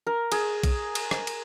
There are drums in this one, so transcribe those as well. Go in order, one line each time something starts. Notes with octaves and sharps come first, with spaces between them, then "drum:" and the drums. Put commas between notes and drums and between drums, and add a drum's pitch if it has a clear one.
A#4
G#4, drum: cymbal
drum: kick A#1, cymbal
drum: cymbal
drum: rim click
drum: cymbal